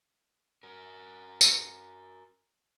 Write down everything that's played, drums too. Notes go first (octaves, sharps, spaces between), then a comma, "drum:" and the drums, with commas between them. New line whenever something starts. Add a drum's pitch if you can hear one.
F#4 A#4
drum: tambourine